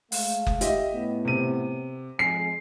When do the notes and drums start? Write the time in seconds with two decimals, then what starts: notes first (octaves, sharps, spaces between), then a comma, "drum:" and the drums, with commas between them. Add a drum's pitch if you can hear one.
0.12 G#3 A3 F5, drum: open hi-hat
0.47 drum: kick F#1
0.61 G4 D#5 E5, drum: hi-hat
0.92 A2 B3
1.25 C3 D#7
2.19 F2 G#3 G#5 C7